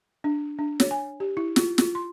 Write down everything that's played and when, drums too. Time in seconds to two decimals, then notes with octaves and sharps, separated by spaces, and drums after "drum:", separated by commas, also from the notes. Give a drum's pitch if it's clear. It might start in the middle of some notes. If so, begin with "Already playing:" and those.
0.24 D4
0.59 D4
0.80 C#5, drum: snare
0.91 G#5
1.20 G4
1.37 E4
1.56 F4, drum: snare
1.78 F4, drum: snare
1.95 C6